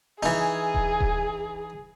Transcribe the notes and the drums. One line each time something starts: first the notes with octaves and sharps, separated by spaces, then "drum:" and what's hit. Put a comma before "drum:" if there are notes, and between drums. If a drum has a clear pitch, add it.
E3 D#4 G#4 G#5
drum: kick D#1
drum: kick D#1